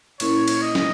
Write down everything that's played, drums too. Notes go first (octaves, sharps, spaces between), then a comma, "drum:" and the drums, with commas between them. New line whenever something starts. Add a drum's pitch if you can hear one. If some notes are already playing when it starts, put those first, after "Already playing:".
A#2 A#3 C#4 E4 A#4 C#5, drum: cymbal
drum: cymbal
D#5
drum: snare